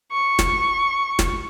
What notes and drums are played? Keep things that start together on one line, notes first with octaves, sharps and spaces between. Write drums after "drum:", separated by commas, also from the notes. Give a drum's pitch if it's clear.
C#6
drum: snare
drum: snare